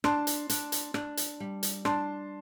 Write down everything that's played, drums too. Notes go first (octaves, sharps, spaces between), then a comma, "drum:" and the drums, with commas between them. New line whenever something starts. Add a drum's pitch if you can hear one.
D4 A5 C6, drum: rim click
drum: hi-hat
D4, drum: hi-hat
drum: hi-hat
D4, drum: rim click
drum: hi-hat
G3
drum: hi-hat
D4 A5 C6, drum: rim click